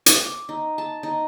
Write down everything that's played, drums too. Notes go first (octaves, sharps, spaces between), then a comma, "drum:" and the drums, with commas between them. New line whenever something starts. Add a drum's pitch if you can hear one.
drum: hi-hat
D6
D#4
A5
D#4